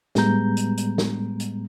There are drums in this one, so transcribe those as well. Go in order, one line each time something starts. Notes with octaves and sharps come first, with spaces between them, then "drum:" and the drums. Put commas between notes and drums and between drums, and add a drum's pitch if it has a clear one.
A2 G3 G#3 B3 A#5 G6, drum: snare
drum: hi-hat
drum: hi-hat
drum: snare
drum: hi-hat